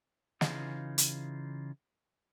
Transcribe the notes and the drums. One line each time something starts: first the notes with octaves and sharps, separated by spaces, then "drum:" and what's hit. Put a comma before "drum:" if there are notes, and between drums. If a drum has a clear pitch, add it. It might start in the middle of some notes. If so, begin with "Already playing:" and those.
C#3 E3 D#4 F4 G#4, drum: snare
drum: hi-hat